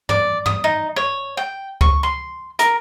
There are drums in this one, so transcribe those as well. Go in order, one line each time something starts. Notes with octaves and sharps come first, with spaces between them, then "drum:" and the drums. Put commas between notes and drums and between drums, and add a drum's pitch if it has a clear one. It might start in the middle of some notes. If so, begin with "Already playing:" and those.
D5, drum: tom
D#6, drum: tom
D#4
C#5
G5
C#6, drum: kick C#2
C6
A#4, drum: hi-hat